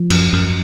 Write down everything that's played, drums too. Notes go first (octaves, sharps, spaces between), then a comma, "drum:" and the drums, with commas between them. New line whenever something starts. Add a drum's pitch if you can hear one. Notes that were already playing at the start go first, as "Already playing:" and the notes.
Already playing: F3
F#2, drum: cymbal
F#2